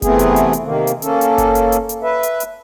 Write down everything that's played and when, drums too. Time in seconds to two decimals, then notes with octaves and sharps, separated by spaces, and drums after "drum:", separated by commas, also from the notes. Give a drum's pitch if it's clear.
0.02 C3 E3 A3 B3 C4 G#4, drum: kick F#1, hi-hat
0.19 drum: hi-hat
0.36 drum: hi-hat
0.53 drum: hi-hat
0.64 C3 D#3 A#3
0.87 drum: hi-hat
1.02 A#3 C#4 A4, drum: hi-hat
1.21 drum: hi-hat
1.38 drum: kick F#1, hi-hat
1.55 drum: hi-hat
1.72 drum: hi-hat
1.89 drum: hi-hat
2.03 B4 E5
2.23 drum: hi-hat
2.40 drum: hi-hat